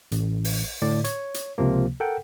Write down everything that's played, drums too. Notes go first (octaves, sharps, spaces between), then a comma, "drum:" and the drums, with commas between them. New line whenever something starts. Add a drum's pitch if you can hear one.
A1, drum: hi-hat
drum: open hi-hat
A2 D3 D5
C#5, drum: hi-hat
drum: hi-hat
C#2 C3 F3 A#3
A4 A#4 F#5 G5